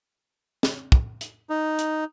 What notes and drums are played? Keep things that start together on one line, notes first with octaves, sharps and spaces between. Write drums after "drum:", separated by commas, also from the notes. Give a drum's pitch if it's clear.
drum: snare
drum: kick
drum: hi-hat
D#4
drum: hi-hat